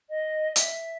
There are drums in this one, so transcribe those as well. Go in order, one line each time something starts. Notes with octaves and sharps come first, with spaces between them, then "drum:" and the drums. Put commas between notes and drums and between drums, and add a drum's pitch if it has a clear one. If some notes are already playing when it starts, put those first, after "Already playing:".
D#5
E5, drum: hi-hat